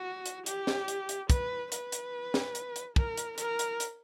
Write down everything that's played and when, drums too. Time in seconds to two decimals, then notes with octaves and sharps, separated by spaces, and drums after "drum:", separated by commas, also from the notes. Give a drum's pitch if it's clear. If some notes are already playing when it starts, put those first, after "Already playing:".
Already playing: F#4
0.26 drum: hi-hat
0.46 G4, drum: hi-hat
0.67 drum: snare
0.88 drum: hi-hat
1.09 drum: hi-hat
1.30 B4, drum: kick, hi-hat
1.72 B4, drum: hi-hat
1.92 drum: hi-hat
2.34 drum: snare
2.55 drum: hi-hat
2.76 drum: hi-hat
2.96 A#4, drum: kick
3.17 drum: hi-hat
3.38 A#4, drum: hi-hat
3.59 drum: hi-hat
3.80 drum: hi-hat